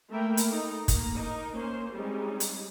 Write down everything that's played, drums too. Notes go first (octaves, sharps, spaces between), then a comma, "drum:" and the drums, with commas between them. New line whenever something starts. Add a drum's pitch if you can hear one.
A3 A#3 A#4 E5 G5 B5
drum: hi-hat
A3 D#4
A#3 A#5, drum: kick, hi-hat
D#4 A#4
A#3 C#4 C5
G3 G#3 C4 C#4 D#4
drum: hi-hat